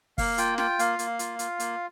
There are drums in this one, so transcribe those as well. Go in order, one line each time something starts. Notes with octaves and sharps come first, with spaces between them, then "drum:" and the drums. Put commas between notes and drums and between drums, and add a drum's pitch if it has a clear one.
A#3 F5, drum: kick, open hi-hat
F4 G5, drum: hi-hat
F4 G5, drum: snare
A#3 F5, drum: hi-hat
A#3, drum: hi-hat
F4, drum: hi-hat
F4, drum: hi-hat
A#3, drum: hi-hat